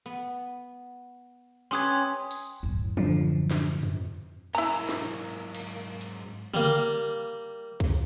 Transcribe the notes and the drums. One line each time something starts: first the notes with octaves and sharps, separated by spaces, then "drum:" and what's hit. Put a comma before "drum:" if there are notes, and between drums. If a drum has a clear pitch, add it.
B3
C#4 G4 B4 C6 D#6 G#6
drum: tambourine
F#2 A2
D3 F3, drum: tom E3
drum: snare
drum: tom F2
G#2 F#3 A#3 E4 G#5 A#5 E6, drum: hi-hat
drum: snare
drum: cymbal
drum: hi-hat
G3 A#3, drum: tom C#3
drum: kick